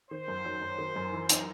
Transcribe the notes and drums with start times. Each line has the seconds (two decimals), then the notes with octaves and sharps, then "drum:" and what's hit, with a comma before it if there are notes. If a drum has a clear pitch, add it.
0.11 D#3 C5
0.28 F#2
0.45 F#3
0.61 F#2
0.78 D#3
0.96 F#2
1.12 E3
1.29 D#4, drum: hi-hat